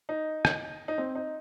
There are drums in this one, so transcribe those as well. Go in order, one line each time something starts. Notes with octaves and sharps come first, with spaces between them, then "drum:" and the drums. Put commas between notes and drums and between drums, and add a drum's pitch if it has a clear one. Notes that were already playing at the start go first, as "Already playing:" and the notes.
D#4
drum: rim click
D#4
C4
D#4